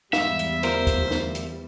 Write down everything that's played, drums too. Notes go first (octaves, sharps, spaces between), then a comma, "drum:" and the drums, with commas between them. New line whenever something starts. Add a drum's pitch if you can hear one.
E2 G#2 B2 G3 E5 F5, drum: snare
drum: hi-hat
D2 F4 A#4 C5, drum: hi-hat
drum: kick, hi-hat
drum: snare
drum: hi-hat